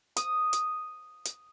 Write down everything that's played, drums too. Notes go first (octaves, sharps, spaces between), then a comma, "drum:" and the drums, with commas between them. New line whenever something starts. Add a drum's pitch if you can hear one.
D#6, drum: hi-hat
drum: hi-hat
drum: hi-hat